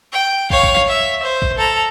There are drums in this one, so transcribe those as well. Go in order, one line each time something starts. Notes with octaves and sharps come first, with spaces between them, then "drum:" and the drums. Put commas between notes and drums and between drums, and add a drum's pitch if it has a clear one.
G5
C#5 F5, drum: kick
drum: kick
drum: snare
E5
C5
drum: kick
A4 A#5